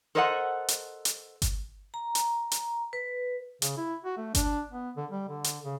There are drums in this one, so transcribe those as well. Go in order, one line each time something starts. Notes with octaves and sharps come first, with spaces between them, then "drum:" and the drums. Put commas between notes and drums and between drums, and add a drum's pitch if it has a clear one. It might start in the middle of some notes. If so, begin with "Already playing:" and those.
A4 A#4 C5 D#5 E5 F#5
drum: hi-hat
drum: hi-hat
drum: kick G1, hi-hat
A#5
drum: hi-hat
drum: hi-hat
B4
C#3, drum: hi-hat
E4
F#4
A3
D4, drum: kick G1, hi-hat
B3
D3
G3
D3
drum: hi-hat
C#3